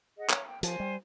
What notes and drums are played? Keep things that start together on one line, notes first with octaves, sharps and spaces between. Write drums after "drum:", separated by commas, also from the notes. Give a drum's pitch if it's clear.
G#4 D#5 F#5
C#5, drum: clap
G5
F3 C5 G#5, drum: hi-hat
G3